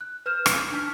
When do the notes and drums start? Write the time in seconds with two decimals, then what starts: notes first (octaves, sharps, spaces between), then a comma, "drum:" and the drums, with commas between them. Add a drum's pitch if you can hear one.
0.01 F#6
0.26 B4 F6 G6 E7
0.46 drum: rim click
0.71 D4 D#4 A5 F6 B6